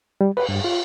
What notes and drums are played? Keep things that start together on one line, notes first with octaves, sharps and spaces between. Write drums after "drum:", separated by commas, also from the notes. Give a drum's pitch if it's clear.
G3
B4, drum: cymbal
G2
F4